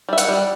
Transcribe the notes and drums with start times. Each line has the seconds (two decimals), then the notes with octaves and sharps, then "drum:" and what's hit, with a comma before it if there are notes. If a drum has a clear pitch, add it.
0.09 G3 E5
0.18 F#5, drum: hi-hat
0.28 G3